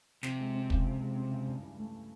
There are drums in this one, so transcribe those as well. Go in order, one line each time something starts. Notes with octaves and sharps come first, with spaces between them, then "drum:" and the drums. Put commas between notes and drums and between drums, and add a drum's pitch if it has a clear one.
C3 F3, drum: snare
G#3
C4
C#3, drum: kick
F3
G#3
C4
C#3
G2
E3
A3